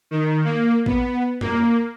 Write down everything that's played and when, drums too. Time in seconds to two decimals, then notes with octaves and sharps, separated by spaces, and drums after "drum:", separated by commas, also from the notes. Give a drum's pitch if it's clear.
0.11 D#3
0.44 A#3
0.86 B3, drum: kick A1
1.41 A#3, drum: tom F2